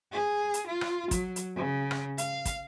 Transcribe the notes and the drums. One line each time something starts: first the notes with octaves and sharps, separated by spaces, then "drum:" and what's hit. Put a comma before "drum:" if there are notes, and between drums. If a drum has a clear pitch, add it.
G#4
drum: hi-hat
F4
drum: rim click
F#3, drum: kick, hi-hat
drum: hi-hat
C#3
drum: rim click
F5, drum: hi-hat
drum: kick, hi-hat